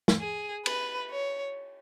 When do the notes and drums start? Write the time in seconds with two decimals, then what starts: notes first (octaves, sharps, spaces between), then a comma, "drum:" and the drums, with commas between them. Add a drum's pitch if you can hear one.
0.08 drum: snare
0.20 G#4
0.66 B4, drum: cymbal
1.11 C#5